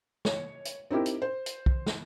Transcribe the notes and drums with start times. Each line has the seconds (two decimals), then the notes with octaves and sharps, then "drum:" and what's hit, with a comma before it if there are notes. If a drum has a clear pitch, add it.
0.25 C#5, drum: snare
0.65 drum: hi-hat
0.91 C4 D#4 E4 G4 A#4
1.06 drum: hi-hat
1.22 C5
1.46 drum: hi-hat
1.66 drum: kick B1
1.87 drum: snare